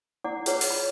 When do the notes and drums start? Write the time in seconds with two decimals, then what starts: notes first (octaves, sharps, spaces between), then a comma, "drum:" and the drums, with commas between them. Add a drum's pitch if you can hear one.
0.24 E4 D5 F#5 D6
0.46 F4 G#4 B4 C#5 F#5, drum: hi-hat
0.61 drum: open hi-hat
0.71 B5